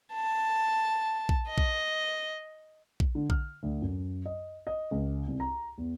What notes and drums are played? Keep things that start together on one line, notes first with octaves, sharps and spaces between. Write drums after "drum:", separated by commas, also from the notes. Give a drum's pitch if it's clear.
A5
drum: kick A#1
D#5
drum: kick A#1
drum: kick A#1
D3
F6, drum: kick A#1
D2
F#2
D#5
D#5
C#2
C2
A#5
E2